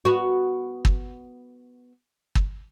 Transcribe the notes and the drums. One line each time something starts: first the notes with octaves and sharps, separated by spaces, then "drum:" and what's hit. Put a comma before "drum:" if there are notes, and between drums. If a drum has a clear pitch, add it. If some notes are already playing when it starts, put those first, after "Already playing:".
B3 F#4
drum: kick
drum: kick